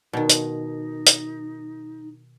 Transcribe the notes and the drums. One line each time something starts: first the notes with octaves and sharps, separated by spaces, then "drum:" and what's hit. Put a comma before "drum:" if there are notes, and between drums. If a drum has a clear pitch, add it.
B2 D#3 D#4
drum: hi-hat
drum: hi-hat